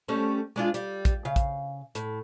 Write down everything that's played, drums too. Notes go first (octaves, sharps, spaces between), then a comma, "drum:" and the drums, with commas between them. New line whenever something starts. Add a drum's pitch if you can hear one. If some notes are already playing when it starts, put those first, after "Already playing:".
G3 A3 C#4
G#3 D4 F4
G3, drum: hi-hat
drum: kick, hi-hat
C#3 F5
drum: kick, hi-hat
A2, drum: hi-hat